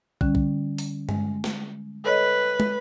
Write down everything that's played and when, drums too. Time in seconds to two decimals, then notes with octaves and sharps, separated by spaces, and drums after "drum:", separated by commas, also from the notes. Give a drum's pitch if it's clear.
0.21 D3 G3 C#4, drum: kick
0.35 drum: kick
0.78 drum: open hi-hat
1.09 G#3, drum: tom G2
1.44 drum: snare
2.05 A4 B4 C#5 D#5
2.60 drum: tom